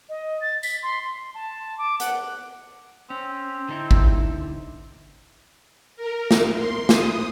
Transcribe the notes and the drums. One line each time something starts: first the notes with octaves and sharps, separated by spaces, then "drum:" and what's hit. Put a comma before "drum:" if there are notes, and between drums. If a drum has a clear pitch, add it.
D#5
A6
B6, drum: tambourine
C6
C6
A5
D6
F#5, drum: hi-hat
C4 C#4
D3 D#4 E4
drum: kick G#1
A#4
drum: snare
C6
D#6, drum: snare